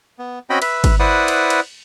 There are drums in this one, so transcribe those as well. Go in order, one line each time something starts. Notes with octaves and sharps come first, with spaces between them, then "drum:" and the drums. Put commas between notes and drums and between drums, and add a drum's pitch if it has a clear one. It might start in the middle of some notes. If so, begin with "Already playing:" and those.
B3
C4 C#4 F#4 D#5 G5 B5
B4 E5, drum: cymbal
drum: kick, cymbal
E4 B4 C5 D5 F#5 D#6
drum: cymbal
drum: cymbal